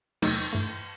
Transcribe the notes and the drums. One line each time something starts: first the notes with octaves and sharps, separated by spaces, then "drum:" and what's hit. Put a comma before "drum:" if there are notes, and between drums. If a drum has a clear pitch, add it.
E2 C3 F#3 A3 D#4, drum: cymbal
G2 E3 A3